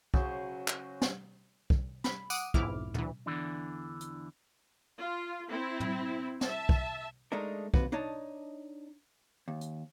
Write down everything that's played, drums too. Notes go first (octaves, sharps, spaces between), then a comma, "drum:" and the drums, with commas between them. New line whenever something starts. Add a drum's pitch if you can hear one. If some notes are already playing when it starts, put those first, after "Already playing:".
C#3 F#3 G#4 C5, drum: kick
drum: clap
drum: snare
drum: kick
B5, drum: snare
F#5 D6 D#6 D7 D#7, drum: tambourine
B1 F2 G#2 E4 D6 F6, drum: kick
D2 E3, drum: tom
E2 B2 D3 E3 D4
drum: hi-hat
F4
C4 E4
drum: tom
E5 A5, drum: snare
drum: kick
G#3 A3 D4 D#4 A#4
D#2 C3 F#4 B4, drum: kick
D4 D#4 C#5 D#5 A5
D#2
drum: hi-hat